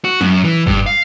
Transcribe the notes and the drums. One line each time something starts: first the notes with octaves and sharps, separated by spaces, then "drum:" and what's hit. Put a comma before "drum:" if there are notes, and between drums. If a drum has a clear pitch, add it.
F#4
F#2, drum: snare
E3
G2, drum: kick
F5